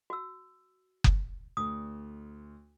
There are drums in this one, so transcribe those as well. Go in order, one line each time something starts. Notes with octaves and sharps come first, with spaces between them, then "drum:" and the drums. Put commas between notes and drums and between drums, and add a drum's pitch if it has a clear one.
F#4 E6
drum: kick F#1
D2 D#6